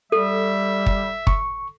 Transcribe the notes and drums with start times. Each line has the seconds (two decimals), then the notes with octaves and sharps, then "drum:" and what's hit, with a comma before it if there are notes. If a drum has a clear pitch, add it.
0.12 G3 A4 E5
0.86 drum: kick
1.27 C#6, drum: kick